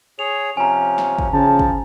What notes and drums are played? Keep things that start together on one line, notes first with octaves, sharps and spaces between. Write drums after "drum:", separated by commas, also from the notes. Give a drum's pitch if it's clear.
G#4 C#5 F7
C3 F3 C#4 G#5 A#5
drum: snare
drum: kick
C#3 F3 A5
drum: kick